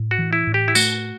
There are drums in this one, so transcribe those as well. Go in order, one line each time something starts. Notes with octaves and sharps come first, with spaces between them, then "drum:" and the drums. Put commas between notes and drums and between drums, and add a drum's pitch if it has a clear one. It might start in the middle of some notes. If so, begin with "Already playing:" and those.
Already playing: A2
F#4
E3
E4
A2
G4
E4
A3 F#4, drum: tambourine